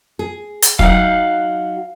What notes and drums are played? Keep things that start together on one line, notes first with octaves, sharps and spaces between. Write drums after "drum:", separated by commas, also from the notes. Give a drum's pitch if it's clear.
G#4
drum: hi-hat
F#3 D#4 F5 F#5, drum: kick